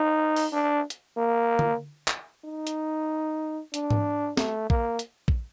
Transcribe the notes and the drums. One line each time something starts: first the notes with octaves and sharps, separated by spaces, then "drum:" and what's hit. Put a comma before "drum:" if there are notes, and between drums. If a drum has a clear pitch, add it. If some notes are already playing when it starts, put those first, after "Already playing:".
Already playing: D#4
drum: open hi-hat
D4
drum: hi-hat
A#3
drum: tom D3
drum: clap
D#4
drum: hi-hat
D4, drum: hi-hat
drum: tom G#2
A3, drum: snare
A#3, drum: kick A#1
drum: hi-hat
drum: kick A#1